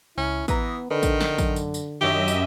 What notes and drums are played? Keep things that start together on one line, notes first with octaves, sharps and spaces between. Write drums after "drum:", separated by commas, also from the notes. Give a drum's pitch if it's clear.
C#2 C#4 E4
E3 B3 B4 A#5 D#6, drum: kick A1, tambourine
D3 D#3 D4 A4 B4
drum: kick A1, tambourine
drum: snare
F#2, drum: kick A1, tambourine
drum: tambourine
drum: tambourine
F#2 D#3 D4 G4 C#5 D#5 E5
drum: tambourine